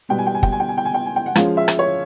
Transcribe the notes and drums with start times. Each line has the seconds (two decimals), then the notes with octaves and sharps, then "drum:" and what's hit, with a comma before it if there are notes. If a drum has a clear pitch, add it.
0.09 B2 G3 B3 G5
0.19 G#5
0.27 G5
0.35 G#5
0.43 G5, drum: kick
0.52 G#5
0.60 G5
0.69 G#5
0.78 G5
0.85 G#5
0.94 G5
1.06 G#5
1.16 G5
1.26 F#5
1.35 F3 G#3 C#4 F5, drum: rim click
1.57 E5
1.68 drum: rim click
1.79 C#5